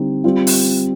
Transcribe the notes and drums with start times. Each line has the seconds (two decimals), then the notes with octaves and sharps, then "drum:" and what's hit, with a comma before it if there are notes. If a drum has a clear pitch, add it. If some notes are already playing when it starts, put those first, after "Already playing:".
Already playing: D3 G3 C4 D#4
0.24 G3 C4 F4
0.47 drum: open hi-hat